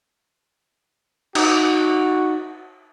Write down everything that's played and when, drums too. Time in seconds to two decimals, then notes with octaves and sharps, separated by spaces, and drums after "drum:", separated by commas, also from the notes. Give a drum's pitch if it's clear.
1.35 D#4 F#4, drum: cymbal